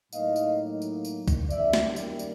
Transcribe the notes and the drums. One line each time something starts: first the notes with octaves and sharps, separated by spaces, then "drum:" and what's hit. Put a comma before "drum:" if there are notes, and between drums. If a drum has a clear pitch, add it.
A2 F#3 A#3 D#4 D#5 F5, drum: tambourine
drum: tambourine
drum: tambourine
drum: tambourine
drum: kick C2, tambourine
F#2 D#3 G3 A#3 D5 E5, drum: tambourine
drum: snare
drum: tambourine
drum: tambourine